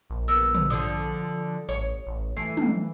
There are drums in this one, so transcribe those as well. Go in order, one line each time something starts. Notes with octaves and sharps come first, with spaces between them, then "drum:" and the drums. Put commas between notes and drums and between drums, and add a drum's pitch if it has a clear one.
A#1
B3 A#4 E6
drum: tom
D3 F3 D#6
A1 C#5
A1
E3 A3 C7
drum: tom